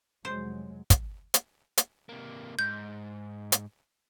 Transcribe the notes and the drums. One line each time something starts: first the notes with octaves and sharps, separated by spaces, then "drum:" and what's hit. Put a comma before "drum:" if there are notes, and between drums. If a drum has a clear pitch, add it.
F1 F#3 G#3 C5
drum: kick, hi-hat
drum: hi-hat
drum: hi-hat
C3 A#3
G#2 G6
drum: hi-hat